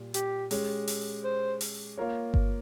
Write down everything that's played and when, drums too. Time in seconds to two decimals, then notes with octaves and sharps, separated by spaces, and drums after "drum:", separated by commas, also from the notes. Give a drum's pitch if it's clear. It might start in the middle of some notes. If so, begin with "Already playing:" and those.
Already playing: A#2 G3
0.14 G4, drum: hi-hat
0.51 G#3 C#4 G4, drum: open hi-hat
0.87 drum: open hi-hat
1.24 C5
1.61 drum: open hi-hat
1.98 A#3 F4 A#4 C#5
2.34 drum: kick G1